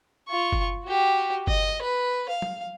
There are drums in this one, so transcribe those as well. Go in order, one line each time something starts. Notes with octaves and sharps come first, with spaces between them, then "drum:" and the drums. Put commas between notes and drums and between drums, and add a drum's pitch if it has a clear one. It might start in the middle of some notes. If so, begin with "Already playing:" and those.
F4 C#6
drum: kick F#1
F#4 G4
D#5, drum: kick F#1
B4
F5
drum: tom